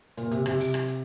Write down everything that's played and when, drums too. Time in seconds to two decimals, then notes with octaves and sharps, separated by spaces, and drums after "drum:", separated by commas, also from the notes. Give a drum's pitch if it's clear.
0.17 A#2, drum: hi-hat
0.31 C3, drum: hi-hat
0.46 C3, drum: rim click
0.60 drum: open hi-hat
0.74 drum: rim click
0.88 drum: hi-hat